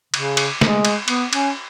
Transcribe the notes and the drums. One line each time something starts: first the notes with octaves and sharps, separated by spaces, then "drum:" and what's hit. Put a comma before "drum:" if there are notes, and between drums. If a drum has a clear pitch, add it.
C#3, drum: cymbal
drum: cymbal
G#3, drum: snare
drum: cymbal
B3, drum: cymbal
C#4, drum: cymbal